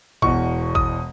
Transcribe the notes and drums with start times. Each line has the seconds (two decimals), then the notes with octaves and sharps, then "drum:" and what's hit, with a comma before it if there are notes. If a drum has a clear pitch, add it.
0.22 E1 E2 B2 C#6, drum: kick
0.75 D#6, drum: kick